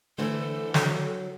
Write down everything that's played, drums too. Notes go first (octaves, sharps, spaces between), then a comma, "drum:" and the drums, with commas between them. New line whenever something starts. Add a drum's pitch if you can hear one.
D3 E3 A3 A4 C5
F#3, drum: snare